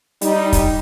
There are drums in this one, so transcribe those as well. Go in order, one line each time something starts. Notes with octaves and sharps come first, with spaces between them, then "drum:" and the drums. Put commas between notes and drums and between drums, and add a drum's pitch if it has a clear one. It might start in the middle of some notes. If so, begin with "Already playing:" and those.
G3 D#4, drum: hi-hat
drum: kick, hi-hat